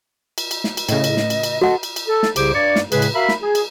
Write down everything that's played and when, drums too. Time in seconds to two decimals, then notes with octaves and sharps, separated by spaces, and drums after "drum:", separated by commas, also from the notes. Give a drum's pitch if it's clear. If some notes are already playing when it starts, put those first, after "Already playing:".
0.38 drum: cymbal
0.51 drum: cymbal
0.64 drum: snare
0.77 drum: cymbal
0.89 A2 C#3 D#5, drum: cymbal
1.04 drum: cymbal
1.17 drum: snare
1.30 drum: cymbal
1.43 drum: cymbal
1.62 F#4 A4 D#5 F#5 A5
1.83 drum: cymbal
1.96 drum: cymbal
2.08 A4
2.23 drum: snare
2.36 C2 C#3 G4 G#4 C5 D6, drum: cymbal
2.54 G2 C#5 D5
2.76 drum: snare
2.92 A2 C#3 G#3 G#4 B4, drum: cymbal
3.02 drum: cymbal
3.14 F#4 A#4 E5 F5 B5
3.28 drum: snare
3.43 G#4
3.55 drum: cymbal